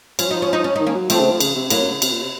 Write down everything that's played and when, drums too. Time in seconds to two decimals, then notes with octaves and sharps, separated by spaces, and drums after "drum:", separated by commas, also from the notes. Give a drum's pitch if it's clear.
0.19 F3 C#4, drum: cymbal
0.27 F#3
0.31 F3 D#4
0.42 C#4
0.53 D#4
0.64 C#4
0.76 D#3 D#4
0.86 A#3 C#4
0.95 F#3
1.10 F3 A3 C4, drum: cymbal
1.20 C#3
1.30 F3
1.40 C#3, drum: cymbal
1.56 C3
1.70 A2 F#3 A#3, drum: cymbal
1.81 F#2
1.91 C#3
2.02 C3, drum: cymbal
2.12 A#2
2.22 C3